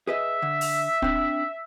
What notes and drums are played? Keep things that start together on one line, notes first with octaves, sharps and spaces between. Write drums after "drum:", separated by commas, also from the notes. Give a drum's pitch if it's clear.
G#4 B4 D#5 E5
D3
drum: open hi-hat
C4 D4, drum: kick